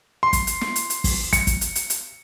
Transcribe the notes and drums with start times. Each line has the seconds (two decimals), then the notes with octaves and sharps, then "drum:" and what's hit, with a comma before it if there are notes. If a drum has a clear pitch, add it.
0.23 C6
0.33 drum: kick, hi-hat
0.47 drum: hi-hat
0.61 drum: snare
0.76 drum: hi-hat
0.90 drum: hi-hat
1.04 drum: kick, open hi-hat
1.33 C#7, drum: kick, hi-hat
1.47 drum: kick, hi-hat
1.61 drum: hi-hat
1.75 drum: hi-hat
1.90 drum: hi-hat